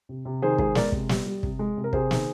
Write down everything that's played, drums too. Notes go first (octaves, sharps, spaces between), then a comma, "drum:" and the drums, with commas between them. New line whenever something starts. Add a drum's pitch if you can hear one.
C3
C3
D#3 G#4 C5
G#3 G#4 C5, drum: kick
G#3 A#4 D5, drum: snare
C3, drum: kick
G3, drum: snare
G3
C3, drum: kick
G#3
C3
A#4
C3 G#4 C5, drum: kick
D#3, drum: snare